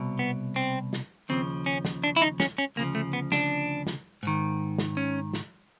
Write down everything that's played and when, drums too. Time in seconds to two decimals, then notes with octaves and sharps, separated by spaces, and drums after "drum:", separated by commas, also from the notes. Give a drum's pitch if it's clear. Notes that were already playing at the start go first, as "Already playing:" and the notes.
Already playing: C2 B2
0.19 B3
0.56 C4
0.93 drum: snare
1.29 D#2 C#3 F3 C4
1.66 C#4
1.85 drum: snare
2.04 D4
2.16 E4
2.22 D#4
2.40 C#4, drum: snare
2.58 C#4
2.76 D2 C#3 F3 A#3
2.95 A3
3.13 B3
3.32 D4, drum: snare
3.87 drum: snare
4.23 G#2 D#3
4.78 drum: snare
4.97 C#4
5.33 drum: snare